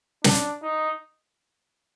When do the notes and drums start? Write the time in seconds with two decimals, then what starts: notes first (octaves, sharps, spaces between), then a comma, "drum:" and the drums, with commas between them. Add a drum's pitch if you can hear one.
0.24 D4, drum: snare
0.62 D#4